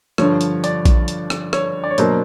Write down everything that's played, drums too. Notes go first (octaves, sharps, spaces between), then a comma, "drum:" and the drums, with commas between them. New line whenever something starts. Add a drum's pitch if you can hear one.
G2 D3 F3 C#5, drum: rim click
drum: hi-hat
D5, drum: hi-hat
drum: kick A#1, hi-hat
drum: hi-hat
drum: rim click
C#5, drum: rim click
D5
C#5
B2 F#3 A#3 D4 C5, drum: hi-hat